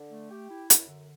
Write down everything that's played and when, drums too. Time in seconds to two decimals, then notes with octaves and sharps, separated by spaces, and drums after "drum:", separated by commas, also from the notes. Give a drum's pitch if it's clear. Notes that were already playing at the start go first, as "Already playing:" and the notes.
Already playing: D3
0.11 A3
0.30 G4
0.50 E4
0.70 F#2, drum: hi-hat
0.88 D3